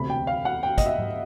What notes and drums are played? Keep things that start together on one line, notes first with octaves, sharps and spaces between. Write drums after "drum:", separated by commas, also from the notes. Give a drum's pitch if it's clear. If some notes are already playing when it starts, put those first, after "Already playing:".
Already playing: E1 D2 C3 B5
G5
F5
F#5
G5
D#5, drum: kick, hi-hat
E5
drum: tom G#2